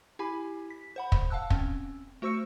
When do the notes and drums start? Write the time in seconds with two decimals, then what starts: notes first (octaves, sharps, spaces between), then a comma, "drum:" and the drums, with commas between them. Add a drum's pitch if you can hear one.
0.19 E4 G4 G#5 B5
0.70 B6
0.96 C5 F#5 B5
1.12 drum: kick
1.30 F5 F#5 A5 E6 F#6
1.50 C4 C#4, drum: kick
2.22 A3 F#4 C5 C#6 E6 C#7